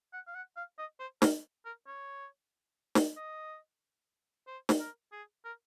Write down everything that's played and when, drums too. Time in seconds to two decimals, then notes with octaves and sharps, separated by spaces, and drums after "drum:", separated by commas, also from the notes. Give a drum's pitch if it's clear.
0.13 F#5
0.27 F5
0.35 F#5
0.57 F5
0.78 D#5
1.00 C5
1.22 A#4, drum: snare
1.65 A#4
1.87 C#5
2.95 drum: snare
3.17 D#5
4.47 C5
4.69 drum: snare
4.80 A#4
5.12 G#4
5.45 A#4